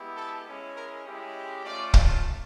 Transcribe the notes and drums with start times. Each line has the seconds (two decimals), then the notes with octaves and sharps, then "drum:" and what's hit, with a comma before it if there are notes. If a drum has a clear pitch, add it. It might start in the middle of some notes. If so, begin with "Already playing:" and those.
Already playing: G#3 B3 E4 G4
0.17 A4
0.46 G#3 C#4 E4
0.76 A#4
1.05 G#3 C#4 E4 G4
1.64 A3 C#4 F4 D5
1.94 drum: kick